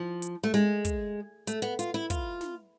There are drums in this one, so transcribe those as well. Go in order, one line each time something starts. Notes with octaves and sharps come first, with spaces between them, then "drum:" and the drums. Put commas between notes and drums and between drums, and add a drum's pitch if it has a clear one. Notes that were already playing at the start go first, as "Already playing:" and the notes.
Already playing: F3
drum: hi-hat
A3
G#3, drum: snare
drum: kick, hi-hat
A3, drum: hi-hat
B3
F4, drum: hi-hat
E4
F4, drum: kick, hi-hat
drum: snare